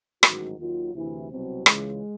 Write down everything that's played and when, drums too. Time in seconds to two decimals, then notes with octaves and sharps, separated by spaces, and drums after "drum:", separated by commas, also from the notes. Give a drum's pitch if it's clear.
0.23 A1 G#2 D#3 F#3 F#4, drum: rim click
0.59 D#2 D#3 F#3 F4
0.94 D2 C3 E3 E4
1.30 C2 B2 F#3 C4
1.66 C#2 C#3 E3 G#3, drum: rim click